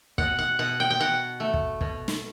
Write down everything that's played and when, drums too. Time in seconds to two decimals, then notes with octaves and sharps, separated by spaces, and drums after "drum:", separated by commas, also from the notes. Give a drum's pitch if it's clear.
0.18 B2 F#5, drum: kick
0.39 F#5
0.59 B2 F#5
0.80 G5
0.90 G5
1.00 B2 F#5
1.40 A3
1.54 drum: kick
1.81 B2, drum: kick
2.08 drum: snare